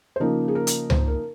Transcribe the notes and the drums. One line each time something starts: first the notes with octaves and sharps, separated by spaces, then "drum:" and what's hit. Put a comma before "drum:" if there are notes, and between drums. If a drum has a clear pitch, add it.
C5
C#3 F3 A#3 D#4 A#4
G#4
A#4
drum: hi-hat
C5, drum: tom C#2
A#4